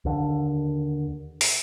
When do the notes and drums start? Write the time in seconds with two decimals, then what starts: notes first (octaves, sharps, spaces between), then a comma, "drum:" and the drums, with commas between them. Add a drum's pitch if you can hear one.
0.05 D#2 D3
1.41 drum: open hi-hat